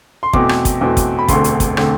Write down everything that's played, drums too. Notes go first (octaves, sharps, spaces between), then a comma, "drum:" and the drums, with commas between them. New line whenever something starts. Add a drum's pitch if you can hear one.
C6
E2 B2 A3 C4 D6, drum: kick
drum: rim click
drum: kick, hi-hat
E2 B2 A3 C4
drum: kick, hi-hat
B5
E1 D2 D3 A3 C4 C6, drum: kick, hi-hat
drum: hi-hat
drum: kick, hi-hat
D3 A3 C4, drum: rim click